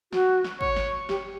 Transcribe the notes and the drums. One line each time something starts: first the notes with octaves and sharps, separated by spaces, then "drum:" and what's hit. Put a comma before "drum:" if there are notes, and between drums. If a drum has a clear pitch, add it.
F#4, drum: snare
drum: snare
C#5, drum: kick
drum: snare
G4, drum: snare